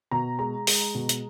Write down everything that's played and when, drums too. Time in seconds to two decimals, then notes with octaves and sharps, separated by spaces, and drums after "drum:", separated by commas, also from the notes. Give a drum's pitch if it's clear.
0.11 B2 A#5
0.39 G#3 A#5
0.67 G#3, drum: open hi-hat
0.95 B2
1.09 drum: hi-hat